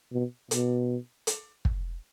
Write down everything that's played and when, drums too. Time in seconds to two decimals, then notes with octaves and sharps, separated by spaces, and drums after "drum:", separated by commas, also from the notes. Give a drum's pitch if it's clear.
0.13 B2
0.51 B2, drum: hi-hat
1.27 drum: hi-hat
1.65 drum: kick